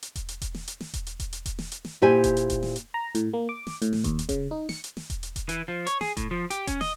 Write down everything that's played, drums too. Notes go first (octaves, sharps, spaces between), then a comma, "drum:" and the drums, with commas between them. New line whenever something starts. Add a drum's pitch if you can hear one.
drum: hi-hat
drum: kick E1, hi-hat
drum: hi-hat
drum: kick E1, hi-hat
drum: snare
drum: hi-hat
drum: snare
drum: kick E1, hi-hat
drum: hi-hat
drum: kick E1, hi-hat
drum: hi-hat
drum: kick E1, hi-hat
drum: snare
drum: hi-hat
drum: snare
A#2 E4 G4 C5 G#5
drum: kick E1, hi-hat
drum: hi-hat
drum: kick E1, hi-hat
drum: snare
drum: hi-hat
A#5
A2, drum: hi-hat
A#3
D6
drum: snare
A2, drum: hi-hat
drum: snare
D#2, drum: kick E1, hi-hat
drum: hi-hat
C#3, drum: kick E1, hi-hat
D#4
C#7, drum: snare
drum: hi-hat
drum: snare
drum: kick E1, hi-hat
drum: hi-hat
drum: kick E1, hi-hat
E3, drum: hi-hat
F3
C#5, drum: hi-hat
G#4, drum: snare
A2, drum: kick E1, hi-hat
F3
G4, drum: hi-hat
C#4, drum: kick E1, hi-hat
D#5, drum: snare